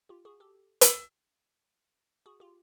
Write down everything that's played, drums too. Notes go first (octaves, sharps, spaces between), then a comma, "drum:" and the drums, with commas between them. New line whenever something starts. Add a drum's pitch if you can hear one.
F4 G4
F#4 G#4
G4 A4
drum: hi-hat
F#4 G#4
F4 G4